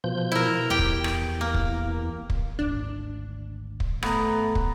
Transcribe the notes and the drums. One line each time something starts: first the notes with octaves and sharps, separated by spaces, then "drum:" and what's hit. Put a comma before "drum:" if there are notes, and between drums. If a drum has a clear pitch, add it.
B2 F3 G6
E4 A#4
E2 G4 G5
drum: kick
drum: rim click
A#3
drum: kick
drum: kick
G#1 D2 D4
drum: kick
A3 B3 A#5, drum: rim click
drum: kick